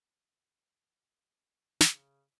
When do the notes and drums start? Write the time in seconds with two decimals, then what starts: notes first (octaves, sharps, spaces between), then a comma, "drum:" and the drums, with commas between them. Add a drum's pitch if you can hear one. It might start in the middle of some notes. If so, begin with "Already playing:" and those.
1.80 C#3, drum: snare